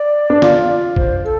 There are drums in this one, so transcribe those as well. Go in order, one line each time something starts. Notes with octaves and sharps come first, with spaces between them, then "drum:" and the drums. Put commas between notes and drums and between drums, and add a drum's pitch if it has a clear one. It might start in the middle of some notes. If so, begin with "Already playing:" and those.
Already playing: D5
D4
F4, drum: snare
C5, drum: kick A#1
A4